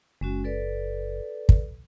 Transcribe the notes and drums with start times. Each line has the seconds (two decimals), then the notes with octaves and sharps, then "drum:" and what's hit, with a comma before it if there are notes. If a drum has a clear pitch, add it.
0.21 F#1 G#3 C#4 F#4
0.44 A4 B4 D5
1.49 drum: kick